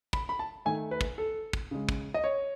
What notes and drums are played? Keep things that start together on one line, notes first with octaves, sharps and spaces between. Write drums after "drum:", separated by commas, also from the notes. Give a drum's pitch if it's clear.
B5, drum: kick
B5
A5
D#3 A3 G#5
B4
drum: kick
A4
drum: kick
C#3 G#3
drum: kick
D#5
C#5